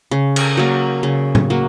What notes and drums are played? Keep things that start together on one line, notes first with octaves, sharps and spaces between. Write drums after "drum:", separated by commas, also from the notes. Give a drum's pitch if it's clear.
C#3
drum: cymbal
F#3 A#3
C#3
drum: tom A2
F#3 A#3